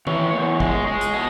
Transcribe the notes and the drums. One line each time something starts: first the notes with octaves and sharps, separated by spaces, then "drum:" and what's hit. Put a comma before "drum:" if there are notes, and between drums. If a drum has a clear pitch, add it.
E3 C#5, drum: tom D#3
E2
G#3, drum: kick
G#3
drum: hi-hat
B2 D#5